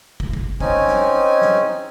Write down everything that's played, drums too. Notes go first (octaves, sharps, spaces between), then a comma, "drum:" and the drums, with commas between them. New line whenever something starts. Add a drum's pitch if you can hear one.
drum: kick
drum: kick
C4 C#4 D#4 G#5, drum: kick
drum: snare
drum: snare